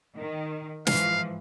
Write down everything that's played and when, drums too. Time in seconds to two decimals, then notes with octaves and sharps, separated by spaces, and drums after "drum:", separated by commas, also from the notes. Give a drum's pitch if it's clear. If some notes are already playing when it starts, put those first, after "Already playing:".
0.16 D#3
0.87 G#2 E3 F3 F5, drum: snare